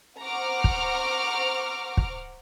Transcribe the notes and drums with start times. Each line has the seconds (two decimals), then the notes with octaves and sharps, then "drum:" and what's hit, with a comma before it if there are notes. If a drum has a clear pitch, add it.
0.20 C5 F#5 A#5 C#6 D6 F6
0.64 drum: kick
1.97 drum: kick